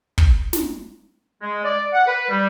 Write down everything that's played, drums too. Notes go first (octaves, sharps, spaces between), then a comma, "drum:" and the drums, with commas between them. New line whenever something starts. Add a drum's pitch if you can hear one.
drum: kick
drum: snare
G#3
D5
F#5
B4
G3